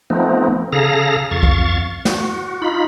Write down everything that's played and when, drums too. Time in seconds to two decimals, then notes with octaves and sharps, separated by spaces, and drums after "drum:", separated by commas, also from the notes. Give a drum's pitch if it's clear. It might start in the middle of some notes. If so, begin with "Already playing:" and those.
0.10 F3 A3 B3 C4 D#4
0.73 C#3 G#4 A4 F5 A#5 A#6
1.31 F2 F5 C#6 A6
1.43 drum: kick C2
2.05 F#4, drum: snare
2.62 D#4 F4 B5